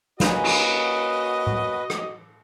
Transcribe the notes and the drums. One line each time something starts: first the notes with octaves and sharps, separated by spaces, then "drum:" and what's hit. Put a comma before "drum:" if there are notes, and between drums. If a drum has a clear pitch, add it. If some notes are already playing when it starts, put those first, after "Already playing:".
A#3 C#4 F#4 B4 D#5, drum: snare
drum: cymbal
drum: tom A2
drum: rim click